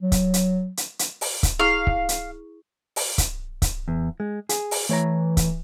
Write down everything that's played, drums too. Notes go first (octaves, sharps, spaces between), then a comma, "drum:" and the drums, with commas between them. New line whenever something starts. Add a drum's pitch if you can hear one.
F#3
drum: kick C#1, hi-hat
drum: hi-hat
drum: hi-hat
drum: hi-hat
drum: open hi-hat
drum: kick C#1, hi-hat
E4 G#4 F5 C#6
drum: kick C#1
drum: hi-hat
drum: open hi-hat
drum: kick C#1, hi-hat
drum: kick C#1, hi-hat
E2
G#3
G#4, drum: hi-hat
drum: open hi-hat
E3 A3 C#5 A#5
drum: kick C#1, hi-hat